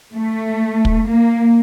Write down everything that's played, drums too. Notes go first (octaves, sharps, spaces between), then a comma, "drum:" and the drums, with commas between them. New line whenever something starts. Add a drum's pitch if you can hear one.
A3
drum: kick
A#3